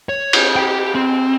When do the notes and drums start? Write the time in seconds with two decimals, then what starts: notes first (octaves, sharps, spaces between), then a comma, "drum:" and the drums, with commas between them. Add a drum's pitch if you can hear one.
0.09 C#5
0.33 drum: cymbal
0.56 G4 G5
0.95 C4